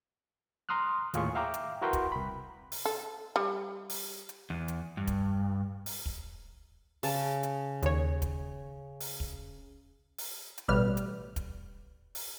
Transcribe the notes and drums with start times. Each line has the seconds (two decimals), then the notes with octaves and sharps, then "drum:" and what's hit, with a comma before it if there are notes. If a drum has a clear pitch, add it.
0.69 A#5 C6 D#6 F6 F#6
1.14 D#2 A2 F4 G#4 C#5 C#6, drum: hi-hat
1.35 E5 F5 G5 A#5 D6
1.54 drum: hi-hat
1.82 E4 F#4 A#4 B4 G5 C6
1.93 drum: kick, hi-hat
2.12 C2 B5
2.72 drum: open hi-hat
2.85 A4
3.36 G3
3.89 drum: open hi-hat
4.29 drum: hi-hat
4.50 E2
4.68 drum: hi-hat
4.97 G2
5.07 drum: kick, hi-hat
5.86 drum: open hi-hat
6.06 drum: kick
7.03 C#3 A5, drum: open hi-hat
7.43 drum: hi-hat
7.82 D#2 C#5, drum: hi-hat
8.22 drum: kick, hi-hat
9.00 drum: open hi-hat
9.20 drum: kick
10.18 drum: open hi-hat
10.58 drum: hi-hat
10.68 A1 B2 G3 B4 F6
10.97 drum: hi-hat
11.36 drum: kick, hi-hat
12.15 drum: open hi-hat